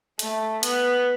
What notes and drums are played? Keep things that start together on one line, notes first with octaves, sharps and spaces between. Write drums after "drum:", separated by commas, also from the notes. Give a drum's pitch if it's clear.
A3, drum: hi-hat
B3, drum: hi-hat